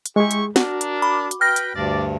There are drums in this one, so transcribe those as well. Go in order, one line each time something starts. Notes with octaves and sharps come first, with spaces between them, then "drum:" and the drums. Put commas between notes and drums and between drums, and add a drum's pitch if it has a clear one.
drum: hi-hat
G#3 E4 G4 G#4 C#6
drum: hi-hat
D4 F#4 A#4, drum: snare
drum: hi-hat
B5 D6
drum: hi-hat
B4 G5 F6 A#6
drum: hi-hat
D2 G2 D4 D5